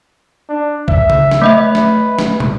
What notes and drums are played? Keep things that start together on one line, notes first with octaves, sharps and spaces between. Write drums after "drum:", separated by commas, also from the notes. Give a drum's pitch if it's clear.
D4
E5, drum: kick C2
drum: tom C#3
drum: snare
A3 B4 D#5 E5
drum: snare
drum: snare
drum: tom